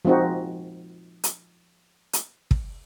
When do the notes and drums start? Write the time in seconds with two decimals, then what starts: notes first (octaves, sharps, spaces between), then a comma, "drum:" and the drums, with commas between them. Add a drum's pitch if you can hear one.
0.05 F3 G#3 C4 D#4 F#4
1.24 drum: hi-hat
2.13 drum: hi-hat
2.51 drum: kick